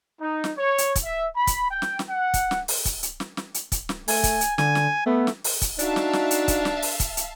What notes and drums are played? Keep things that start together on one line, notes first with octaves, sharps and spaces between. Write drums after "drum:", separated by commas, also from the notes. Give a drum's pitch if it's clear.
D#4
drum: snare
C#5
drum: hi-hat
drum: kick, hi-hat
E5
B5
drum: kick, hi-hat
G5
drum: snare
drum: snare
F#5
drum: kick, hi-hat
drum: snare
drum: open hi-hat
drum: kick, hi-hat
drum: hi-hat
drum: snare
drum: snare
drum: hi-hat
drum: kick, hi-hat
drum: snare
A3 G#5, drum: open hi-hat
drum: kick, hi-hat
drum: hi-hat
D3 G#5, drum: snare
drum: snare
A3 B3
drum: snare
drum: open hi-hat
drum: kick, hi-hat
D4 D#4 F#4 E5 F5 A5, drum: hi-hat
drum: snare
drum: snare
drum: hi-hat
drum: kick, hi-hat
drum: snare
drum: open hi-hat
drum: kick, hi-hat
drum: hi-hat